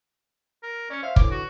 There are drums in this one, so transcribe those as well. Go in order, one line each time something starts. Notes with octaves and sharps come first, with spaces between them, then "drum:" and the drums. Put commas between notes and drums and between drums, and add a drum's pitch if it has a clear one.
A#4
C#4 D5 F6 C#7
C5 E5 F5
D3 E3 C#5 D6, drum: kick
F#4